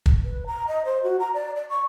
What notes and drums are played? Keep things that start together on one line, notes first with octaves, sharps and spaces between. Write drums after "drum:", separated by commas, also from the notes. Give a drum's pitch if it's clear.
drum: kick
B4
A#5
D#5
C5
F#4
A#5
D5
D5
C#6